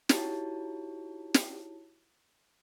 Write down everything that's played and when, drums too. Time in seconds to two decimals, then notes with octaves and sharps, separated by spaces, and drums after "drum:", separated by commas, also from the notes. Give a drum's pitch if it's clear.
0.09 D#4 E4 F#4 G4 C#5 A5, drum: snare
1.34 drum: snare